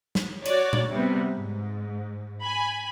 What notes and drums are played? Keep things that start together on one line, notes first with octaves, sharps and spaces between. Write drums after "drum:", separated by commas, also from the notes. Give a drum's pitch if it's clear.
drum: snare
F#4 C#5 D5, drum: cymbal
drum: tom A#2
C3 G3 B3
G#2
G#5 B5